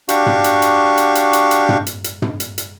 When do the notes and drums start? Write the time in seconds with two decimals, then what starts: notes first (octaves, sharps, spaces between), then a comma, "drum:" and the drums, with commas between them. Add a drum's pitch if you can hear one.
0.09 D4 F#4 G4 F5 C#6, drum: hi-hat
0.26 drum: tom
0.44 drum: hi-hat
0.62 drum: hi-hat
0.98 drum: hi-hat
1.15 drum: hi-hat
1.33 drum: hi-hat
1.51 drum: hi-hat
1.69 drum: tom
1.86 drum: hi-hat
2.04 drum: hi-hat
2.22 drum: tom
2.40 drum: hi-hat
2.58 drum: hi-hat